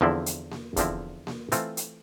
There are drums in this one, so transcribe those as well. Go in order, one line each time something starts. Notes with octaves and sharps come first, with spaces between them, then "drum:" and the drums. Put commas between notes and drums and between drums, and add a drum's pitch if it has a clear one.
E2 D3 F3 C4 E4
drum: hi-hat
drum: snare A#3
E2 D3 F3 C4 E4, drum: kick E1, hi-hat
drum: snare A#3
E3 A3 C4 F4 A4, drum: hi-hat
drum: hi-hat